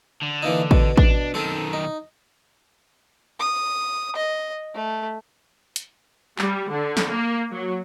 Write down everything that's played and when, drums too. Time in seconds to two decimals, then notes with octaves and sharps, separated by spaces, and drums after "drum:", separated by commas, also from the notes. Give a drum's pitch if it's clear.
0.22 D3
0.43 E3 A#3 D#4
0.71 B2, drum: kick A1
0.97 D4, drum: kick A1
1.34 B1 D#3 C4 A4
1.73 D#4
3.40 D#6
4.16 D#5
4.75 A3
5.76 drum: hi-hat
6.39 G3, drum: clap
6.71 D3
6.97 drum: snare
7.08 A#3
7.51 F#3